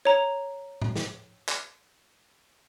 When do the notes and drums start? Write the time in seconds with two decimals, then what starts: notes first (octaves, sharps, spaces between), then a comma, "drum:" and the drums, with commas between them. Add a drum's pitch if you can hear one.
0.05 C#5 A#5
0.82 drum: tom A2
0.96 drum: snare
1.49 drum: clap